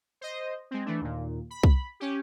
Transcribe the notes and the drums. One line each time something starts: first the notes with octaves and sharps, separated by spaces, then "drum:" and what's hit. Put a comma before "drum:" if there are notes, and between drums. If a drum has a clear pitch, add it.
C5 D#5
G#3 C4
E3 A3 D4
D#2 A#2
B5
drum: kick
C#4 G4